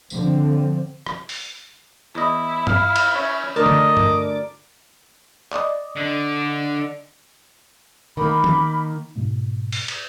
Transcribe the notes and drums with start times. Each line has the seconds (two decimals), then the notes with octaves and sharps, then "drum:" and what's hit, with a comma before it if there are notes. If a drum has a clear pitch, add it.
0.10 D3 F3 C4, drum: tambourine
1.06 drum: rim click
1.29 drum: open hi-hat
2.15 E2 E4 D#5
2.67 F5, drum: tom G2
2.96 drum: cymbal
3.15 C#4 C#5 E5
3.56 D2 A#4 D5 D#5 A5
3.66 drum: tom D3
3.97 D6, drum: tom G2
5.52 D5 D#5, drum: clap
5.96 D3
8.17 D#3 A#3 B5 D6
8.44 drum: tom
9.16 G#2 B2 G#3 A#3
9.72 drum: open hi-hat
9.88 drum: cymbal